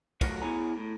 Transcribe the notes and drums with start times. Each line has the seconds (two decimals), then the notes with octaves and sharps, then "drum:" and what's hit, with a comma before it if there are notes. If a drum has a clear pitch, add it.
0.21 F#3 A3 F4 F#4 A#4 C#5, drum: kick, cymbal
0.42 B3 E4 G#4 C#5 G#5 A#5
0.77 A2